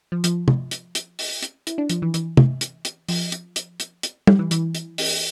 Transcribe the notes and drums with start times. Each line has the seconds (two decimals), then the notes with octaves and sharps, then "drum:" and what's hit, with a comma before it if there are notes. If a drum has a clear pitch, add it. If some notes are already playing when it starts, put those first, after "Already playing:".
0.12 F3
0.24 F3, drum: hi-hat
0.48 drum: tom
0.71 drum: hi-hat
0.95 drum: hi-hat
1.19 drum: open hi-hat
1.43 drum: hi-hat
1.67 E4, drum: hi-hat
1.78 D4
1.90 F3, drum: hi-hat
2.02 E3
2.14 E3, drum: hi-hat
2.37 drum: tom
2.61 drum: hi-hat
2.85 drum: hi-hat
3.09 F3, drum: open hi-hat
3.32 drum: hi-hat
3.56 drum: hi-hat
3.80 drum: hi-hat
4.03 drum: hi-hat
4.27 G3, drum: tom
4.39 E3
4.51 E3, drum: hi-hat
4.75 drum: hi-hat
4.98 drum: open hi-hat